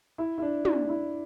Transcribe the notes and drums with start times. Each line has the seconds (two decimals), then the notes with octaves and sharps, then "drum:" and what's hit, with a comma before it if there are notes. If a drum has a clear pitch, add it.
0.18 E4
0.38 E4
0.42 D4
0.65 D4, drum: tom
0.89 E4